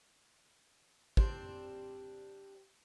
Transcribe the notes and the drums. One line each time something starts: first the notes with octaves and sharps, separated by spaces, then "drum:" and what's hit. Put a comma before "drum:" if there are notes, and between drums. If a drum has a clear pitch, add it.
G3 C4 D4, drum: kick